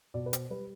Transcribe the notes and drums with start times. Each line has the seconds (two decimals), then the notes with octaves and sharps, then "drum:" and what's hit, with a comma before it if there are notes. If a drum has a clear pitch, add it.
0.14 B2 D5
0.26 B4
0.33 C5, drum: hi-hat
0.50 G3 B4